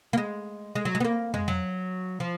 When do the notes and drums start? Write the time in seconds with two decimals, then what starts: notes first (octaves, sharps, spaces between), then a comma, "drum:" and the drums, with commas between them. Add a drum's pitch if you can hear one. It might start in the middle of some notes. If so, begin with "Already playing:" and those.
0.13 A#3
0.18 G#3
0.75 G#3
0.85 F#3
0.95 G#3
1.00 B3
1.05 A#3
1.34 G#3, drum: tom F2
1.48 F#3
2.20 F3